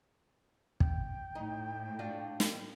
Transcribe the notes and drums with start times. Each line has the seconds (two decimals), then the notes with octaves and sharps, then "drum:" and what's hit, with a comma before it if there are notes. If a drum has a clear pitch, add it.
0.80 G5, drum: kick
1.35 A2 D#4
1.99 D4 F4 F#4
2.40 drum: snare